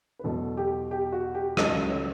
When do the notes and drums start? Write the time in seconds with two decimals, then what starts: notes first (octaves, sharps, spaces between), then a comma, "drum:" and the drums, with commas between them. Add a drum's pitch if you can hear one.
0.19 B4
0.24 E2 B2 F#3 A4
0.57 G4
0.91 G4
1.12 F#4
1.35 G4
1.57 C#2 C#3 F#3 A4, drum: rim click
1.90 C#5